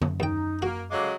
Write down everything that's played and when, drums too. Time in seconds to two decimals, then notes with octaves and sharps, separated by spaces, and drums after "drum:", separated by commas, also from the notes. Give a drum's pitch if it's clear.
0.02 F#2, drum: tom D3
0.20 D#2 D#4 G5
0.62 A#3 F#4
0.91 C#3 F#3 G#3 A4 F5 D6